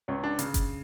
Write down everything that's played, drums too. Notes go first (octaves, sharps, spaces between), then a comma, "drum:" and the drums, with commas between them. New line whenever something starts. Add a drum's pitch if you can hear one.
C#2 C#4
D4
C#3, drum: hi-hat
drum: kick F#1, hi-hat